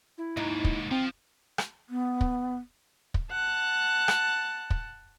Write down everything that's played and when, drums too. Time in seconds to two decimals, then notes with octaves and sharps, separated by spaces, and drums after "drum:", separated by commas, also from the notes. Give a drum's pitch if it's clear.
0.18 E4
0.37 D#2 G#2 D#4
0.64 drum: kick
0.91 F3 C4 G5
1.58 drum: rim click
1.89 B3
2.21 drum: kick
3.14 drum: kick
3.32 F#5 A5
4.08 drum: rim click
4.70 drum: kick